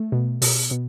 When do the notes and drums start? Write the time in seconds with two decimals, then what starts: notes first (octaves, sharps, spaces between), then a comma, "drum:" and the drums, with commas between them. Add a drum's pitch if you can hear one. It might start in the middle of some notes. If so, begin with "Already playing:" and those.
Already playing: A3
0.12 B2
0.42 B2, drum: open hi-hat
0.71 B2